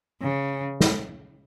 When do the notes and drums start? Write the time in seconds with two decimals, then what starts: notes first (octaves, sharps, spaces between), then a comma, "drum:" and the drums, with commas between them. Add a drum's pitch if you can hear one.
0.22 C#3
0.80 drum: snare